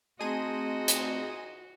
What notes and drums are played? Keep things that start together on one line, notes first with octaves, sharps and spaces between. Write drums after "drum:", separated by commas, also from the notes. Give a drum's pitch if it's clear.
A3 C4 D#4 F#4 G#4 C5 D#5 D#7
drum: hi-hat